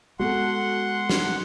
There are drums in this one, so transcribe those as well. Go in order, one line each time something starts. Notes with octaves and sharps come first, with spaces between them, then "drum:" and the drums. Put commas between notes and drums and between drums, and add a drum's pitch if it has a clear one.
G#3 B3 F#4 A4 F#5 C6
drum: snare